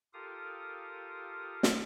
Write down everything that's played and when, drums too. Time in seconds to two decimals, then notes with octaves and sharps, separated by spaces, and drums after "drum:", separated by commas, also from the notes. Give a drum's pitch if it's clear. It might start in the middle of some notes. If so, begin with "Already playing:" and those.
0.14 F4 G4 A4 A#4 F5 D#6
1.63 drum: snare